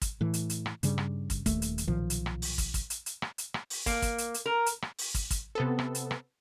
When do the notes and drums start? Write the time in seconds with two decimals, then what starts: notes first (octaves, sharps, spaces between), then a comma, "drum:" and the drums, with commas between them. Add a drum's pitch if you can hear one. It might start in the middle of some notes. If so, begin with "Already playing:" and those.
0.02 drum: kick, hi-hat
0.21 A2 E3
0.34 drum: hi-hat
0.50 drum: hi-hat
0.66 drum: rim click
0.83 G2 C#3 G3, drum: hi-hat
0.98 drum: rim click
1.30 drum: kick, hi-hat
1.46 D#1 D#2 A3, drum: kick, hi-hat
1.62 drum: hi-hat
1.78 drum: hi-hat
1.88 B1 A#2 D#3 F3
2.10 drum: hi-hat
2.26 drum: rim click
2.42 drum: open hi-hat
2.58 drum: kick, hi-hat
2.74 drum: kick, hi-hat
2.90 drum: hi-hat
3.06 drum: hi-hat
3.22 drum: rim click
3.38 drum: hi-hat
3.54 drum: rim click
3.70 drum: open hi-hat
3.86 A#3, drum: kick, hi-hat
4.02 drum: kick, hi-hat
4.18 drum: hi-hat
4.34 drum: hi-hat
4.46 A#4
4.66 drum: hi-hat
4.82 drum: rim click
4.98 drum: open hi-hat
5.14 drum: kick, hi-hat
5.30 drum: kick, hi-hat
5.55 C3 B3 A4
5.79 drum: rim click
5.95 drum: hi-hat
6.11 drum: rim click